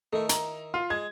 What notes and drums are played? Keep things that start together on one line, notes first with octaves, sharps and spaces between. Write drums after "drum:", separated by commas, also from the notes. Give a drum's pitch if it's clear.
D#3 A3 E4
A#5, drum: hi-hat
F4
G#3 G#6